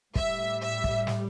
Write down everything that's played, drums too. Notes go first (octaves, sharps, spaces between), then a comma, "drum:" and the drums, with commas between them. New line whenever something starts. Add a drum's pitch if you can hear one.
A2 G3 E5, drum: kick
E5
drum: kick
drum: snare